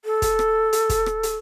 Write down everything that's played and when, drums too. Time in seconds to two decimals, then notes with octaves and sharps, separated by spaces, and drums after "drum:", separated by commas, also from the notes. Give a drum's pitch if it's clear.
0.05 A4
0.22 drum: kick, hi-hat
0.39 drum: rim click
0.73 drum: hi-hat
0.89 drum: kick, hi-hat
1.06 drum: rim click
1.23 drum: hi-hat